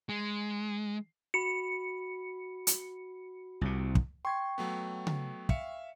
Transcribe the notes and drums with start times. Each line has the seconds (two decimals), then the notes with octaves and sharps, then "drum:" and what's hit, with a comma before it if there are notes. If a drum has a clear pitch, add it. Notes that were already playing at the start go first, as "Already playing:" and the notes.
0.09 G#3
1.34 F#4 B5 C#7
2.67 drum: hi-hat
3.61 C2 C3
3.95 drum: kick
4.25 G5 C6 C#6 G#6 C7
4.58 F#3 A3 B3
5.07 drum: tom C#3
5.49 E5 F5 C#7, drum: kick